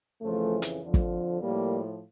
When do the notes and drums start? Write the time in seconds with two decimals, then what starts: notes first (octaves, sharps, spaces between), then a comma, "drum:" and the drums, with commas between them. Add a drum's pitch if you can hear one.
0.22 F2 C#3 E3 F3 A3
0.62 drum: hi-hat
0.82 F2 D3 F3
0.94 drum: kick
1.42 A2 F3 G3 A#3